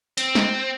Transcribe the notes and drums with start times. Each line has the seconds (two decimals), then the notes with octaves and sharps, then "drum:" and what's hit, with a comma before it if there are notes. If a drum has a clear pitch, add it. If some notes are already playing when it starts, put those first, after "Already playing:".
0.18 C4, drum: hi-hat
0.35 drum: snare